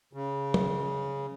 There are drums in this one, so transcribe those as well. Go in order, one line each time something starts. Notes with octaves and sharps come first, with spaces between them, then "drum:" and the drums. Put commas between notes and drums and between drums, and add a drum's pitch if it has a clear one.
C#3
drum: tom